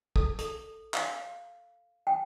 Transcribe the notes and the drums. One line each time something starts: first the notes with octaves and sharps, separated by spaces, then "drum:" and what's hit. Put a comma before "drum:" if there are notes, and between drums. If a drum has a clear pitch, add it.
A4, drum: kick
A4, drum: hi-hat
F5, drum: clap
G5